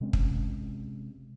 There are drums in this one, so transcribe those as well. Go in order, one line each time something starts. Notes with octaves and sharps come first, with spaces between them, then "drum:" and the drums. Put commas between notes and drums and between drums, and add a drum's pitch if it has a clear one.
C3 G#3 C4 C#4
drum: kick